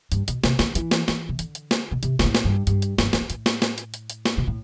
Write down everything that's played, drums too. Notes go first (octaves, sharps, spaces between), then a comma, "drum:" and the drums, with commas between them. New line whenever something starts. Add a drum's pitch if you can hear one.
G2, drum: hi-hat
B2, drum: hi-hat
C3, drum: snare
D3, drum: snare
E3, drum: hi-hat
drum: snare
E3, drum: snare
C3
D3, drum: hi-hat
drum: hi-hat
drum: snare
B2
C3, drum: hi-hat
B2, drum: snare
A2
drum: snare
G2
G2, drum: hi-hat
drum: hi-hat
G2, drum: snare
F2
E2, drum: snare
F2
A2, drum: hi-hat
drum: snare
drum: snare
drum: hi-hat
drum: hi-hat
drum: hi-hat
drum: snare
B2
A2